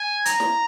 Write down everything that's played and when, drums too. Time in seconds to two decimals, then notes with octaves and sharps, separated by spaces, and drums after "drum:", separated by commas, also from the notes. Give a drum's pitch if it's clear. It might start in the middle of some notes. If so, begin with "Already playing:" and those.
Already playing: G#5
0.25 A#5, drum: hi-hat
0.40 drum: snare